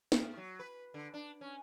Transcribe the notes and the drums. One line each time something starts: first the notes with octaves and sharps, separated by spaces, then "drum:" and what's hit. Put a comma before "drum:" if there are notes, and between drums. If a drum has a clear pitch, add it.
drum: snare
G#2
F#3
B4
D3
D4
C#4